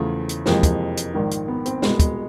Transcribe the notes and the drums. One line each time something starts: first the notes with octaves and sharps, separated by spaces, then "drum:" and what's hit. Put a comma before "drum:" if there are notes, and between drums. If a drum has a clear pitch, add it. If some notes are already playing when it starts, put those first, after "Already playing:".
Already playing: E2 C#3 F3 A3
drum: hi-hat
F2 C3 E3 G#3 A#3, drum: snare
drum: kick, hi-hat
drum: hi-hat
A#1 G#2 D#3
drum: hi-hat
B3
C4, drum: hi-hat
C2 B2 G#3 B3, drum: snare
drum: kick, hi-hat